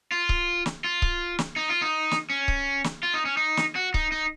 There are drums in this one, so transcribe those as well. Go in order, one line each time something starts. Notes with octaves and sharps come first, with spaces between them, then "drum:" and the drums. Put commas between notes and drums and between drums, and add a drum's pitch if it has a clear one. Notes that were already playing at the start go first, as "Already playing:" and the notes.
F4
drum: kick C#1
drum: snare
F4
drum: kick C#1
drum: snare
D#4
F4
D#4
drum: snare
C#4
drum: kick C#1
drum: snare
F4
D#4
C#4
D#4
drum: snare
F#4
D#4, drum: kick C#1
D#4